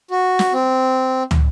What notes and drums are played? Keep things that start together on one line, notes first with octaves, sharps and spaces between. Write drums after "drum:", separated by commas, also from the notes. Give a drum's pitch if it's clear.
F#4
drum: snare
C4
drum: tom